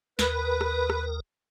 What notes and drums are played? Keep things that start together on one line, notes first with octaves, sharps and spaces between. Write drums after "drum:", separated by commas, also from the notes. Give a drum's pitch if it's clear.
D#2 A#4 B4, drum: snare
drum: rim click
drum: rim click